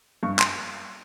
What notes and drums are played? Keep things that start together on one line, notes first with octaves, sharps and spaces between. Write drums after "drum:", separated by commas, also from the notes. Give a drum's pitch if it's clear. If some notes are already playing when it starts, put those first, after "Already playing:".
G2 C#6
C6, drum: clap